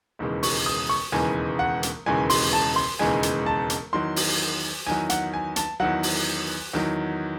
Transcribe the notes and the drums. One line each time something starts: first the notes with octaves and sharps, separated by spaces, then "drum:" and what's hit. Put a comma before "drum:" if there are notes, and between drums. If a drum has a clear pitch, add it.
E1 D#2 C#3 E3 G#3
C#6, drum: open hi-hat
D#6
C#6
E1 D#2 C#3 E3 G#3 G#5
F#5
drum: hi-hat
E1 D#2 C#3 E3 G#3 G#5
C6, drum: open hi-hat
A5
C6
E1 D#2 C#3 E3 G#3 G#5
drum: hi-hat
A5
drum: hi-hat
E2 D#3 F#3 C6
drum: open hi-hat
E2 D#3 F#3 G#5
F#5, drum: hi-hat
G#5
A5, drum: hi-hat
E2 D#3 F#3 F#5
drum: open hi-hat
E2 D#3 F#3